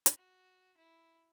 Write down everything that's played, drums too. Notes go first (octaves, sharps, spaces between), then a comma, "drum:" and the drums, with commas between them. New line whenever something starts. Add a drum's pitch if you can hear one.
drum: hi-hat
F#4
E4